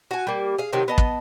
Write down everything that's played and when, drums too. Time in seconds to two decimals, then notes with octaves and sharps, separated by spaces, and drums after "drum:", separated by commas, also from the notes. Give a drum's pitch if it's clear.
0.11 F#4 G#5
0.27 G3 A#3
0.58 G#4 F5
0.73 C3 D#3 F#3
0.88 B3 D#5 A5
0.98 drum: kick